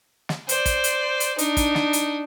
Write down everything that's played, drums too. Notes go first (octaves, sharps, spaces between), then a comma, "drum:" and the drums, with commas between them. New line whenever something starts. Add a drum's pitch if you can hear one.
drum: snare
C5 D5, drum: hi-hat
drum: kick, hi-hat
drum: hi-hat
drum: hi-hat
D4 D#4, drum: hi-hat
drum: kick, hi-hat
drum: snare
drum: hi-hat